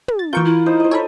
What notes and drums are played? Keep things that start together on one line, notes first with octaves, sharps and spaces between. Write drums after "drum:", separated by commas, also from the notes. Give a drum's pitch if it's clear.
drum: tom
A6
E3 F4 A#4 C#6 G6
E4
D#4 C5
C5 D#5
A4 A#4 C#5 B5